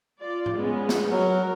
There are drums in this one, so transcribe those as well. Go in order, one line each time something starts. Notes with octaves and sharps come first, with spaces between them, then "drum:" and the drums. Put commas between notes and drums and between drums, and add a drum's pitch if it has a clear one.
F4 D5
drum: tom G#2
G#3 B3 C#4
drum: snare
F#3 A#4